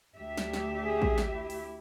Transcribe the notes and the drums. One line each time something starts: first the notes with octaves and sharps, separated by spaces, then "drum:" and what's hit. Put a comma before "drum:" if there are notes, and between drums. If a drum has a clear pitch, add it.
D2 G4 E5
drum: snare
drum: snare
G#4
drum: kick
drum: snare
E4
drum: open hi-hat